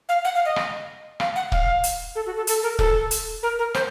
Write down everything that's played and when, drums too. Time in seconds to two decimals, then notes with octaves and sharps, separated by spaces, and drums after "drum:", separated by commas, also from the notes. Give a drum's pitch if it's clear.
0.09 F5
0.24 F#5
0.35 F5
0.45 D#5
0.56 drum: rim click
1.20 F5, drum: rim click
1.36 F#5
1.52 F5, drum: kick
1.84 drum: hi-hat
2.15 A4
2.26 F#4
2.36 A4
2.47 A4, drum: hi-hat
2.63 A#4
2.79 A4, drum: kick
3.11 drum: hi-hat
3.43 A#4
3.59 A#4
3.74 C5, drum: rim click